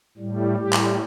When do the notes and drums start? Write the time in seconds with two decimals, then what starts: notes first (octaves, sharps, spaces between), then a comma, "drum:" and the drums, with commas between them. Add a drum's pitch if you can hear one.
0.18 A2 G3
0.58 A2 G3 G4
0.73 drum: clap